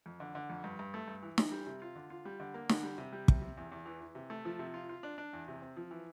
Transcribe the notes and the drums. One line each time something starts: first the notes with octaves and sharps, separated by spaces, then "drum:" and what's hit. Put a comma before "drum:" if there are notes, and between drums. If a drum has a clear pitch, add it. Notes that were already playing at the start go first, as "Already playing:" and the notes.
F2
D3
D3
F2
G2
G2
A3
G2
E3
E3, drum: snare
G3
C3
F4
D3
F4
G3
D3
A#3
D3, drum: snare
G3
C3
G3
C3, drum: kick
C3
E2
E2
E3
E3
C3
A3
F3
C3
F4
F4
D4
D4
E2
C3
C4
F3
E3